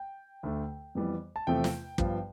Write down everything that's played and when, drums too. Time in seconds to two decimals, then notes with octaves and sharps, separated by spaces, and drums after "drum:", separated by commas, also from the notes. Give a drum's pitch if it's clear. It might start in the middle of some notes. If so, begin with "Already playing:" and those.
Already playing: G5
0.43 D2 D3 A3
0.95 F2 E3 G3 B3
1.36 A5
1.47 E2 C3 F3 A3 C4 G5
1.64 drum: snare
1.98 G2 F3 B3, drum: kick